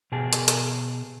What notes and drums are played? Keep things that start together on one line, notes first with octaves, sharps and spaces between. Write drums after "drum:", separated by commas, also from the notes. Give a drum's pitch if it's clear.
B2 G4 G#4 A5
drum: hi-hat
drum: hi-hat